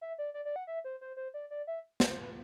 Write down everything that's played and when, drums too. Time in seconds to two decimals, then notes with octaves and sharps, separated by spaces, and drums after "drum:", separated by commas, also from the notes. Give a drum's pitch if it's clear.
0.01 E5
0.18 D5
0.34 D5
0.45 D5
0.56 F#5
0.67 E5
0.85 C5
1.01 C5
1.17 C5
1.34 D5
1.51 D5
1.67 E5
2.00 D5, drum: snare
2.06 B4
2.11 C5
2.22 B4